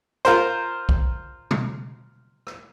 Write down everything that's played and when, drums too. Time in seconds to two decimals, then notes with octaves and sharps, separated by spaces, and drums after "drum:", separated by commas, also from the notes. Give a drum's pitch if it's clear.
0.25 F4 A#4 C5, drum: hi-hat
0.89 drum: kick
1.51 drum: tom B2
2.47 drum: rim click